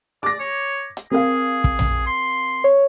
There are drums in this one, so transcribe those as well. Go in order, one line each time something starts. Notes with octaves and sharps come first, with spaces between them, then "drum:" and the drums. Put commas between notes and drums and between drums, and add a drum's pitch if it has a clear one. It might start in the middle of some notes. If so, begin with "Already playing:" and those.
D5 D6 A#6
C#5
drum: hi-hat
C4 G#4 A#4 F5
drum: kick
drum: tom A#1
C6
C#5